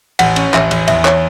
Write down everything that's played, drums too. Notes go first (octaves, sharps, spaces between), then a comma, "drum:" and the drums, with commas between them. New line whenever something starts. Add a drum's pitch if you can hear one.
A1 F#5, drum: cymbal
C#4, drum: cymbal
A1 E5, drum: clap
A1, drum: cymbal
E2 E5, drum: cymbal
C#5, drum: clap